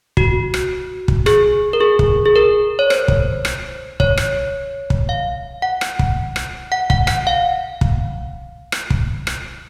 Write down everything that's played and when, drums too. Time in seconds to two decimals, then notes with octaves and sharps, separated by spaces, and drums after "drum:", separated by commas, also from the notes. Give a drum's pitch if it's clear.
0.17 F#4, drum: kick
0.54 drum: rim click
1.08 drum: kick
1.26 G#4, drum: rim click
1.73 A#4
1.80 G#4
1.99 drum: kick
2.25 G#4
2.36 A#4
2.79 C#5
2.90 C5, drum: rim click
3.08 drum: kick
3.45 drum: rim click
4.00 C#5, drum: kick
4.17 drum: rim click
4.90 drum: kick
5.09 F5
5.62 F#5
5.81 drum: rim click
5.99 drum: kick
6.36 drum: rim click
6.72 F#5
6.90 F#5, drum: kick
7.07 F#5, drum: rim click
7.27 F5
7.81 drum: kick
8.72 drum: rim click
8.90 drum: kick
9.27 drum: rim click